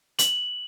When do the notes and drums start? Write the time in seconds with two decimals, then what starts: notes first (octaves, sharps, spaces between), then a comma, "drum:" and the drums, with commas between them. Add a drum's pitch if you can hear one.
0.19 F#7, drum: hi-hat